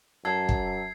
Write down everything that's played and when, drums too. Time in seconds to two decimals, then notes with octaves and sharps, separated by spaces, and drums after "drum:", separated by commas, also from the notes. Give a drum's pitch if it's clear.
0.25 F#2 A4 G#6 C7
0.49 drum: kick